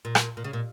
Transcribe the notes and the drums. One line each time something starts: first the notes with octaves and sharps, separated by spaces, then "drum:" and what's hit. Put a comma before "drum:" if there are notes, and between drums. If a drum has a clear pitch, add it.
A#2
drum: rim click
A#2
C#3
A#2